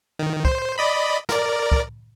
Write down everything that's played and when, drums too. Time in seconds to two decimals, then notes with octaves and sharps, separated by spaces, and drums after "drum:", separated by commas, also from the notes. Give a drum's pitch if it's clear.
0.19 D#3
0.45 C5, drum: kick
0.78 D5 D#5 B5
1.29 A#4 D5, drum: snare
1.72 drum: kick